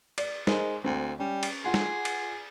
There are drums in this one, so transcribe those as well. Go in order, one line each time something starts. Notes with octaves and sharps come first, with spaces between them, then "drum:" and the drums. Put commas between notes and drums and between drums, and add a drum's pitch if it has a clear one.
D5, drum: cymbal
G#3 D#4 A#4 C5, drum: snare
D2 C4
G3 C#4
drum: cymbal
F4 G#4 F#5 C6
drum: snare
drum: cymbal